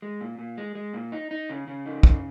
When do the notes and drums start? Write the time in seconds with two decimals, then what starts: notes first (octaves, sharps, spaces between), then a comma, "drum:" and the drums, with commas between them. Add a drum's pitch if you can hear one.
0.02 G#3
0.21 A#2
0.39 A#2
0.57 G#3
0.75 G#3
0.94 A#2
1.12 D#4
1.31 D#4
1.49 C#3
1.68 C#3
1.86 D#4
2.03 C#3, drum: kick